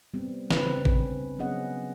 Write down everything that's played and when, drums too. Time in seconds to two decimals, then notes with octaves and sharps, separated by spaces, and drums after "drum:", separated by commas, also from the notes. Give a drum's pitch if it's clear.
0.14 G3 B3 C4
0.51 C#3 C4 D4 B4, drum: snare
0.76 C#4
0.85 drum: kick G#1
1.39 F#3 B3 C#4 G#4 D#5 F#5